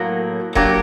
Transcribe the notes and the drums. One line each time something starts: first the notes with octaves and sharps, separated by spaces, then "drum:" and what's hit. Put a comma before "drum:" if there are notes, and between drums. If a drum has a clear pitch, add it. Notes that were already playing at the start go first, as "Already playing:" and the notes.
Already playing: A2 F#3 A#3
F#3 A#3 D4 G4, drum: kick D#1